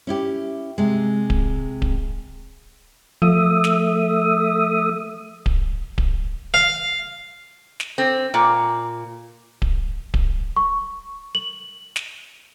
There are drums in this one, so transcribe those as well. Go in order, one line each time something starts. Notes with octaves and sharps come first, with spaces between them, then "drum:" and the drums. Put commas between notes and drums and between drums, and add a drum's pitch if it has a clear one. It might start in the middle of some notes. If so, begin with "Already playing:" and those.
C#4 E4 G4
C3 G#3
drum: kick D1
drum: kick D1
F3 A3 E5 D#6
drum: snare
drum: kick D1
drum: kick D1
F5
drum: snare
C4
A#2
drum: kick D1
drum: kick D1
C#6
F#7
drum: snare